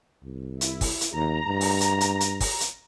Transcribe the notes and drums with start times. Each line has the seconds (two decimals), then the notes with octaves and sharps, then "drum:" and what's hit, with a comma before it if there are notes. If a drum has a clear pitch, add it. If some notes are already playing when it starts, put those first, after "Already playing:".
0.24 C2
0.61 E4, drum: hi-hat
0.81 drum: kick, open hi-hat
1.01 drum: hi-hat
1.14 D#2 A#5
1.47 G2
1.61 drum: open hi-hat
1.81 drum: hi-hat
2.01 drum: hi-hat
2.21 drum: hi-hat
2.40 drum: kick, open hi-hat
2.60 drum: hi-hat